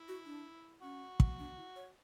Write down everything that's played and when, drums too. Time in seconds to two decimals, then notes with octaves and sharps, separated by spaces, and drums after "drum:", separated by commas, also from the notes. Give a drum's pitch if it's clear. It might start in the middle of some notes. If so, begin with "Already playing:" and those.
Already playing: E4
0.08 F#4
0.26 D4
0.82 C#4 F#4
1.20 drum: kick
1.39 D4
1.57 E4
1.76 C#5